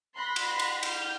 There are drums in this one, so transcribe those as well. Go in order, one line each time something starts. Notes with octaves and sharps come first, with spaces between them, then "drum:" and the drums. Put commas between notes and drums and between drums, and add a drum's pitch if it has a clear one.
B5 C6 F#6 A#6 B6
drum: cymbal
drum: cymbal
F6 G6, drum: cymbal